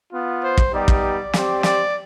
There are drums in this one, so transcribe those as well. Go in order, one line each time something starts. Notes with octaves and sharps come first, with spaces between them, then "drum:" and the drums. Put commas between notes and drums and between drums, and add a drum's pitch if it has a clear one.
B3 F4
C5
drum: kick
G3 B3 D#4 G4 D5
drum: kick
C4 G4, drum: snare
D5, drum: snare